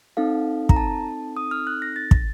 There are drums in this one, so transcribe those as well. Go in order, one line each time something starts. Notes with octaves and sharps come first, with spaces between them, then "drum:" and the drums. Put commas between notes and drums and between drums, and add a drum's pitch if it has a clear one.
C4 D#4 A4 F5
A#5, drum: kick
A5
D#6
F6
F#6
A#6
A6
drum: kick